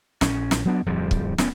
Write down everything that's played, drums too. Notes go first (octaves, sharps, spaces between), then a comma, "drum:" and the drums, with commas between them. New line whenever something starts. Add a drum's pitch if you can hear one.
A#1 C#4, drum: snare
drum: snare
F#3 B3 D4
D1 F2 F3 G3
drum: kick
D2 B3 C#4, drum: snare